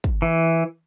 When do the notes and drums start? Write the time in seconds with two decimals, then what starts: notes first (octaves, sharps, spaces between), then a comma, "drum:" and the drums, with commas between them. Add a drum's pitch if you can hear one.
0.04 drum: kick
0.22 E3